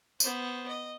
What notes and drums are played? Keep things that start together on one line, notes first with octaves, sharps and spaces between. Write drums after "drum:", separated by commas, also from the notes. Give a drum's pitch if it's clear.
B3 C5, drum: tambourine
D#5